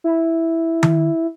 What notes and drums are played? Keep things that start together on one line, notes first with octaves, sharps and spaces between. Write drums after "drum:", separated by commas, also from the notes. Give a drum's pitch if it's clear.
E4
drum: tom D#3